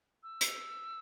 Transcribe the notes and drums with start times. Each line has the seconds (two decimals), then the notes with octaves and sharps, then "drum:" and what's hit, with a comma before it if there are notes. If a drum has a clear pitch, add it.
0.23 E6
0.41 drum: hi-hat